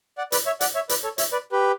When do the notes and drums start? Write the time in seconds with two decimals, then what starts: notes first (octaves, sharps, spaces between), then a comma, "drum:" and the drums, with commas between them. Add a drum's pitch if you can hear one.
0.18 D5 F#5
0.32 B4 D5, drum: hi-hat
0.46 C#5 E5
0.61 D5 F#5, drum: hi-hat
0.75 C#5 E5
0.89 B4 D5, drum: hi-hat
1.04 A4 C#5
1.18 C#5 E5, drum: hi-hat
1.32 B4 D5
1.52 G4 B4